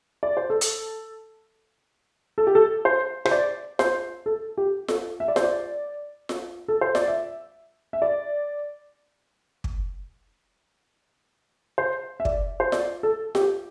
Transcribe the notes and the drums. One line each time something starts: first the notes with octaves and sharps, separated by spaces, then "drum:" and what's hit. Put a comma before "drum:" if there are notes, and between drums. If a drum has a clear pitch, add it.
D5
C5
A4
drum: hi-hat
A4
G4
A4
C5
C5, drum: rim click
D5
C5, drum: snare F4
A4
G4
A4, drum: snare F4
E5
D5
C5, drum: snare F4
D5
drum: snare F4
A4
C5
D5, drum: snare F4
E5
E5
D5
drum: kick
C5
E5
D5, drum: kick
C5
D5, drum: snare F4
A4
G4, drum: snare F4